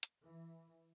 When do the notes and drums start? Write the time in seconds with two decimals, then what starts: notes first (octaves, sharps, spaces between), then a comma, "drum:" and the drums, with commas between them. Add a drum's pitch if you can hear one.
0.03 drum: hi-hat
0.22 E3